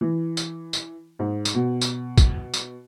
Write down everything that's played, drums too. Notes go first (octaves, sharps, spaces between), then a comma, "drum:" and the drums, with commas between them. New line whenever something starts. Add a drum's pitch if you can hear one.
E3
drum: tambourine
drum: tambourine
G#2
drum: tambourine
B2
drum: tambourine
drum: kick, tambourine
drum: tambourine